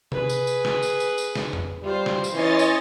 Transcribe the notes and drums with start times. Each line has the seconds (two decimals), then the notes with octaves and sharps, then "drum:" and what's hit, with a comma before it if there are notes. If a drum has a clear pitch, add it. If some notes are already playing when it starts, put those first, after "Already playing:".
0.12 G#4 B4, drum: tom C3
0.29 drum: tambourine
0.47 drum: tambourine
0.65 drum: snare
0.82 drum: tambourine
1.00 drum: tambourine
1.18 drum: tambourine
1.35 drum: snare
1.53 drum: tom F2
1.83 G3 F4 C5
2.06 drum: snare
2.24 drum: tambourine
2.33 E3 C#4 C#5 D#5 C6 A6
2.59 drum: tambourine